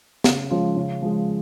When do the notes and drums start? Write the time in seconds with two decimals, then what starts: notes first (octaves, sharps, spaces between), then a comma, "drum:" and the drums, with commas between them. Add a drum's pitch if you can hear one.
0.24 C#3, drum: snare
0.51 F3 G#3 C#4 F4
0.77 C#3
1.03 F3 G#3